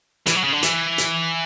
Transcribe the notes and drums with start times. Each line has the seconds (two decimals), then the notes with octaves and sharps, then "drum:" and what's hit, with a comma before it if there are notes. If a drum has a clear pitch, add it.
0.26 E3, drum: hi-hat
0.35 F#3
0.44 C#3
0.52 D3
0.63 E3, drum: hi-hat
0.98 drum: hi-hat